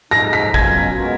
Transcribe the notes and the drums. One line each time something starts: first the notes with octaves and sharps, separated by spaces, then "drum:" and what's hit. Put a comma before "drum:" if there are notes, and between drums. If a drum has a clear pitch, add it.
F3 G#3 D#4 A#6
B6
B2 F#3 C#4 F4 G#6, drum: kick
G#3 B3 F#4 A#4